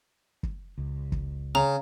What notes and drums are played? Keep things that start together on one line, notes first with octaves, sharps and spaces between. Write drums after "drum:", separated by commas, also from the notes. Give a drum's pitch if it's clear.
drum: kick
C#2
drum: kick
C#3 A#5